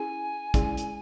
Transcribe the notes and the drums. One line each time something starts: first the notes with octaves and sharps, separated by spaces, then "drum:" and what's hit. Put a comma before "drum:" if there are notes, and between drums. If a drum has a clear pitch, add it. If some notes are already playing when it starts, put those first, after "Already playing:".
Already playing: C#4 E4 G#4 G#5
G#3 C#4 E4 G#4 D5, drum: kick, hi-hat
drum: hi-hat